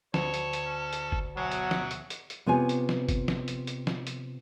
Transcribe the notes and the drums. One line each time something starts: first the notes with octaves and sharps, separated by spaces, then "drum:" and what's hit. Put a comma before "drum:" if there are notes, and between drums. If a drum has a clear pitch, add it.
D2 A4 C#5, drum: snare
drum: hi-hat
drum: hi-hat
C#4
drum: hi-hat
drum: kick G1
B2 F#3 E5 F#5 G#5
drum: hi-hat
drum: snare
drum: hi-hat
drum: hi-hat
drum: hi-hat
C3 B3 F4 G#4 C#5 G#5
drum: hi-hat
drum: snare
drum: kick G1, hi-hat
drum: snare
drum: hi-hat
drum: hi-hat
drum: snare
drum: hi-hat